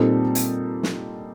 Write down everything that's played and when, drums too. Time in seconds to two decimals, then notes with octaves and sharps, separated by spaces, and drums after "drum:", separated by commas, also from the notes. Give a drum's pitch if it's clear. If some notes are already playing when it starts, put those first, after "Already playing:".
Already playing: A#2 G3 C4 D#4 A4
0.35 drum: hi-hat
0.83 drum: snare